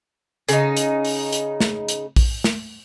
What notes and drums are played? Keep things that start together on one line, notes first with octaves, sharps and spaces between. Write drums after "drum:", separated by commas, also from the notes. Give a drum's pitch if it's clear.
C#3 D#4, drum: hi-hat
drum: hi-hat
drum: open hi-hat
drum: hi-hat
drum: snare
drum: hi-hat
drum: kick A#1, open hi-hat
drum: snare